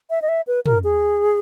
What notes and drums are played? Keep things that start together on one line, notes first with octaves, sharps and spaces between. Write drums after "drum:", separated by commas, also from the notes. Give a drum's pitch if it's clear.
E5
D#5
E5
B4
A#4, drum: tom
G#4